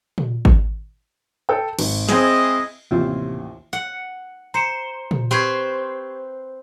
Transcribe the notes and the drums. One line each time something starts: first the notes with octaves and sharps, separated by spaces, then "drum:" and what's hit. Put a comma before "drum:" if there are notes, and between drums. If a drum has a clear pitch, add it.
drum: tom A#2
drum: kick G#1
A4 G5
G#1, drum: cymbal
G#3 C4 E4 G#4 D#5, drum: snare
A1 D#2 C3 E4 F4 C5
F#5
C5 A#5 C#7 E7
drum: tom A#2
C4 G4 B4 C5 C#6 G#6